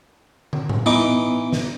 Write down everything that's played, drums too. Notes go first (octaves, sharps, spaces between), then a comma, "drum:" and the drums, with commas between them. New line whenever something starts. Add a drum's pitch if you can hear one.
drum: tom
drum: tom A2
E3 B3 D#4 D6
drum: snare